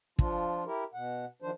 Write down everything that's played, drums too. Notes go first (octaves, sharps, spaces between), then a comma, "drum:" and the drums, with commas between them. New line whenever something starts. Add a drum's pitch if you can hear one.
F3 D4 F4, drum: kick
E4 G4 A#4
B2 F#5
D#3 F3 D4 C5